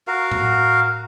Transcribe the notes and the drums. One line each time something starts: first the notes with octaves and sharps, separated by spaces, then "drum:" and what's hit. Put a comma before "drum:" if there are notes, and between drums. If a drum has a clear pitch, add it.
F#4 A#4 F5
drum: tom A2